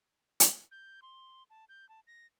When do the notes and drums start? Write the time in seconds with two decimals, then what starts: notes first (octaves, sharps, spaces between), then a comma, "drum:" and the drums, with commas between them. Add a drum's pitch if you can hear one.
0.40 drum: hi-hat
0.71 G6
1.02 C6
1.50 A5
1.69 G6
1.89 A5
2.07 A#6